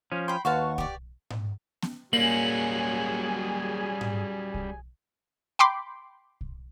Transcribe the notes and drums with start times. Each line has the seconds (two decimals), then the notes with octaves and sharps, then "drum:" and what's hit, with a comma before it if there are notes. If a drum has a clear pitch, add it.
0.12 F3 C#4
0.28 G5 B5 C6
0.45 D#2 F#4 B4 F5 F#5 A5 C#6
0.78 G4 D5, drum: kick B1
1.30 drum: tom G#2
1.82 drum: snare B3
2.13 F#3 G3 A#3 C#4 G#4 G#5 F#7
4.01 drum: tom G#2
4.54 drum: kick B1
5.59 G5 B5 C6 D6
6.41 drum: kick B1